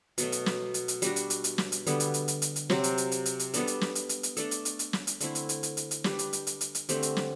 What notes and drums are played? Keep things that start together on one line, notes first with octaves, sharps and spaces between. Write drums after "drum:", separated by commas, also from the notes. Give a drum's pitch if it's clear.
B2 F#3 A3, drum: hi-hat
drum: hi-hat
drum: snare
drum: hi-hat
drum: hi-hat
G3 D4 F#4, drum: hi-hat
drum: hi-hat
drum: hi-hat
drum: hi-hat
drum: snare
drum: hi-hat
D3 G3 B3, drum: hi-hat
drum: hi-hat
drum: hi-hat
drum: hi-hat
drum: hi-hat
drum: hi-hat
C3 F#3 C4, drum: snare
drum: hi-hat
drum: hi-hat
drum: hi-hat
drum: hi-hat
drum: hi-hat
G3 B3 D4 A4, drum: hi-hat
drum: hi-hat
drum: snare
drum: hi-hat
drum: hi-hat
drum: hi-hat
A3 D4 A4, drum: hi-hat
drum: hi-hat
drum: hi-hat
drum: hi-hat
drum: snare
drum: hi-hat
D3 A3 C4 E4, drum: hi-hat
drum: hi-hat
drum: hi-hat
drum: hi-hat
drum: hi-hat
drum: hi-hat
G3 D4 G4 B4, drum: snare
drum: hi-hat
drum: hi-hat
drum: hi-hat
drum: hi-hat
drum: hi-hat
D3 A3 C4 G4, drum: hi-hat
drum: hi-hat
drum: snare